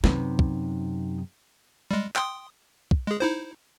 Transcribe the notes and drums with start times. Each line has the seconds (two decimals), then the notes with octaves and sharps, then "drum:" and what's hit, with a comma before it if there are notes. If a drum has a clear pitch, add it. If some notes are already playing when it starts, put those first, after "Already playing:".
0.04 F#2 C3 D#4 B4, drum: snare
0.39 drum: kick
1.91 G3 G#3
2.16 G5 C6 D#6, drum: clap
2.91 drum: kick
3.07 G#3 G#4
3.20 D#4 E4 C5